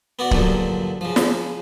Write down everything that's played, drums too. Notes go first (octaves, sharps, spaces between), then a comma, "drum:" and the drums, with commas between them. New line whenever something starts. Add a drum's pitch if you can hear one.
B3 F#4 D5
G2 A#2 D3 F3 F#3, drum: kick
C#3 F3
drum: snare